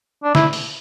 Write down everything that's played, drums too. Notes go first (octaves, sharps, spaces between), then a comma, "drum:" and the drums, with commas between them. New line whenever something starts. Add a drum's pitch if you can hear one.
D4
E4, drum: snare
drum: open hi-hat